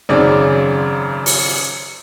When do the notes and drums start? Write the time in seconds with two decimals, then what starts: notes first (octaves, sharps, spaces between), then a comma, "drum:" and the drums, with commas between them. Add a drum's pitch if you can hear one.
0.09 G#1 F#2 C#3 D5
1.26 drum: open hi-hat